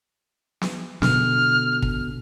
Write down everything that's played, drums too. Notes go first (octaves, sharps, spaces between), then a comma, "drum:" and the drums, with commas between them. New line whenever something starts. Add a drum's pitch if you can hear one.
drum: snare
B2 D3 F6, drum: snare
drum: kick